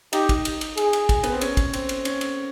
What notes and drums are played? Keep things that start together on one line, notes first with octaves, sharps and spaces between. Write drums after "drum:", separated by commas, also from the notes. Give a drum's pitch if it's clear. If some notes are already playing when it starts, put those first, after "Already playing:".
D#4 G4, drum: cymbal
drum: kick, cymbal
drum: cymbal
drum: cymbal
G#4, drum: cymbal
drum: cymbal
drum: kick, cymbal
B3, drum: cymbal
C4
C#4, drum: cymbal
drum: kick, cymbal
C4, drum: cymbal
drum: cymbal
C#4, drum: cymbal
drum: cymbal